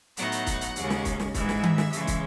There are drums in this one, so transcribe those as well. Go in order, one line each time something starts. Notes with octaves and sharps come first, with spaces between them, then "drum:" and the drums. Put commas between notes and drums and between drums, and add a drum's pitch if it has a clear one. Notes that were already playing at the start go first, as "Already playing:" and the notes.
A2 F#3 B3 D#4 F#5, drum: hi-hat
drum: hi-hat
drum: kick, hi-hat
drum: hi-hat
D#2 C#3 G#3 C#4, drum: hi-hat
drum: snare
drum: kick, hi-hat
drum: snare
G#2 E3 G#3 E5, drum: kick, hi-hat
drum: snare
drum: tom D#3
drum: snare
C#3 E3 G#3, drum: hi-hat
drum: kick, hi-hat